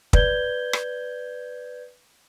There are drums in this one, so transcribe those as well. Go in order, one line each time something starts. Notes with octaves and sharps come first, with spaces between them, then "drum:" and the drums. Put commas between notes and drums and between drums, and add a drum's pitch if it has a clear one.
B4 D5 G6 G#6 G7, drum: kick
drum: rim click